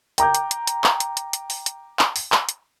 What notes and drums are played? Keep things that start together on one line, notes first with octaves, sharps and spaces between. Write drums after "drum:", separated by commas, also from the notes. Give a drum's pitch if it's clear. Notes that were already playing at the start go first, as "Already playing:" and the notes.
G5 A#5 D6 G6, drum: hi-hat
drum: hi-hat
drum: hi-hat
drum: hi-hat
drum: clap
drum: hi-hat
drum: hi-hat
drum: hi-hat
drum: open hi-hat
drum: hi-hat
drum: clap
drum: open hi-hat
drum: clap
drum: hi-hat